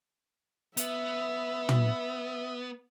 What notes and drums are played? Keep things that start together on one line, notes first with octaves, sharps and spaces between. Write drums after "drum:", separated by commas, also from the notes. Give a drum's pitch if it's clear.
B3 E5, drum: hi-hat
drum: tom